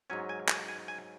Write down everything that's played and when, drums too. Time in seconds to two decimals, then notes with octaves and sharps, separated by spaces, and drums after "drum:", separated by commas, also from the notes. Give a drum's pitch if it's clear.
0.10 G#2 F#3 C#4 G#5
0.29 G#5
0.49 G#5, drum: clap
0.68 G#5
0.88 G#5